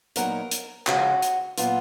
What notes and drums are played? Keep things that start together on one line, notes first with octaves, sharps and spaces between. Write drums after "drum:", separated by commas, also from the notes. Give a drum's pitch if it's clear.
A#2 F#3 B3 D#4 A#4, drum: hi-hat
drum: hi-hat
C#3 F3 G#3 C#4 F#4, drum: clap
drum: hi-hat
A#2 F#3 B3 F4, drum: hi-hat